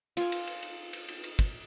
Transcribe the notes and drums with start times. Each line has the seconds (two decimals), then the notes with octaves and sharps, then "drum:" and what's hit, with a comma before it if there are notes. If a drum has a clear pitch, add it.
0.17 F4 G#5, drum: cymbal
0.32 drum: cymbal
0.47 drum: cymbal
0.63 drum: cymbal
0.93 drum: cymbal
1.08 drum: cymbal
1.24 drum: cymbal
1.39 drum: kick, cymbal